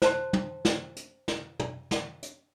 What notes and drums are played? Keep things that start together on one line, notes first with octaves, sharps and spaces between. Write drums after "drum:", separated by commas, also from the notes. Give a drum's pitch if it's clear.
C5 A5 C6, drum: snare
drum: tom
drum: snare
drum: hi-hat
drum: snare
drum: tom
drum: snare
drum: hi-hat